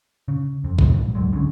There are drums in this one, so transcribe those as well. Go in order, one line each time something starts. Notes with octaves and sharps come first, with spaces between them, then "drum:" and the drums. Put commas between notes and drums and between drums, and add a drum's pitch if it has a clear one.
C#3
F2
C#2 A#2 D#3 E3, drum: kick
A#1 E2 G#2
D2 G#2 F#3 G#3
C2 D3 G3 C#4